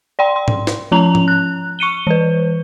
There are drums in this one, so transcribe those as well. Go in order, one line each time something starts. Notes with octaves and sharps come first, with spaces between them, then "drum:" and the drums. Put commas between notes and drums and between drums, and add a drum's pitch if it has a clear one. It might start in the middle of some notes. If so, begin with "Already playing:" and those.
D5 G5 C6
C6
drum: tom G#2
drum: snare
F3 C#4 A#5 F7
drum: tom
F#6
C#6 C#7 D#7 G7
E3 B4